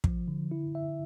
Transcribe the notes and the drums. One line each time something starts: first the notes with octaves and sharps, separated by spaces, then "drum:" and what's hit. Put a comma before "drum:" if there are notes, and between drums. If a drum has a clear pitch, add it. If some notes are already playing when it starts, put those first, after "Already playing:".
F3, drum: kick
D3
E4
E5